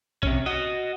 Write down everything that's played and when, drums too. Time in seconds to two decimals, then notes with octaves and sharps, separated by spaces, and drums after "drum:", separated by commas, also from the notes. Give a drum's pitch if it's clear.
0.23 C3 C#4, drum: kick B1
0.46 F#4 D#5